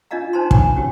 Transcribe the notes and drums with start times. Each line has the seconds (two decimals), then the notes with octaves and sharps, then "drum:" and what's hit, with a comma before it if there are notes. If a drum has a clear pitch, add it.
0.11 D4 F4 D5 D#5 F5 A#5
0.33 D4 D#4 C5 A5 A#5 C6
0.51 B4 C#5 F#5 G#5 A#5 B5, drum: kick
0.76 C#4 F#4 G4 C#5